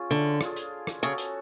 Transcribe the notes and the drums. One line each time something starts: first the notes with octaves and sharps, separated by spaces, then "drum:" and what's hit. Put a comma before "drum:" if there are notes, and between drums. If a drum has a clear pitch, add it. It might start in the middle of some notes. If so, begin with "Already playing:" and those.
Already playing: C#4 F4 G#4
D3
D4 F4 G#4, drum: rim click
drum: hi-hat
drum: rim click
C#3 C#4 F#4 A4
drum: hi-hat